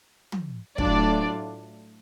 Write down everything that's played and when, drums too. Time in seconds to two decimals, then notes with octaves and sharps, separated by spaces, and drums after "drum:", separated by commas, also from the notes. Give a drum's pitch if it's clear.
0.32 drum: tom
0.78 A2 F#3 A3 D4 F4 D5, drum: kick